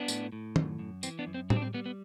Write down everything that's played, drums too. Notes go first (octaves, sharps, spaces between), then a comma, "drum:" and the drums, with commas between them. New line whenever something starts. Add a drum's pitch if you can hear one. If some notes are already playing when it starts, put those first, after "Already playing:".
Already playing: B3 D4
A2, drum: tambourine
A2
F#2, drum: tom D#3
F#2
E3 C4, drum: tambourine
B3 D4
F#2
C4
G3 C4, drum: tom A2
D4
C4
G3 B3
B3